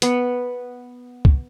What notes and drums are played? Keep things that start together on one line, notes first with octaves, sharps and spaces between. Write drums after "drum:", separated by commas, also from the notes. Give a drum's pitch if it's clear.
B3, drum: hi-hat
drum: kick